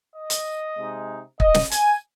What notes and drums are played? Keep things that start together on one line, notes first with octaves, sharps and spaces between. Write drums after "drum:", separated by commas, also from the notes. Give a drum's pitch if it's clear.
D#5
drum: hi-hat
C3 G#3 D#4
D#5, drum: kick
drum: snare
G#5, drum: hi-hat